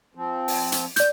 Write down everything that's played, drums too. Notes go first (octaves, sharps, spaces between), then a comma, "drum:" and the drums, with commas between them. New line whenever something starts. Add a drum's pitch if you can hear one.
F3 C4
drum: open hi-hat
drum: hi-hat
D5 G6, drum: hi-hat